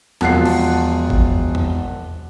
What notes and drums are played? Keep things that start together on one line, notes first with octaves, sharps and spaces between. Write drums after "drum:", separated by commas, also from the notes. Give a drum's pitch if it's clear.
E1 F3 F#5 A5 C7, drum: snare
drum: cymbal
drum: kick G#1
drum: tom E2